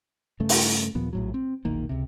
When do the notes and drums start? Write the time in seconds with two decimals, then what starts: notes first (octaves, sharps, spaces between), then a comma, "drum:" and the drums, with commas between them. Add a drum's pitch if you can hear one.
0.40 G2 C#3 A3
0.49 drum: open hi-hat
0.95 D#2 A#2 F3 B3
1.13 A#1 A2 F#3
1.34 C4
1.65 E1 A#1 D#3 A#3
1.89 C#2 C3